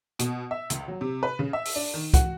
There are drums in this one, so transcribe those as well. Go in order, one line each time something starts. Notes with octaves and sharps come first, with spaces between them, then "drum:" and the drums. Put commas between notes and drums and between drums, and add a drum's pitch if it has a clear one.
B2, drum: hi-hat
E5
C#2, drum: hi-hat
F#3
C3
B4
C#3
E5
drum: open hi-hat
D4
D#3
F#4, drum: kick, hi-hat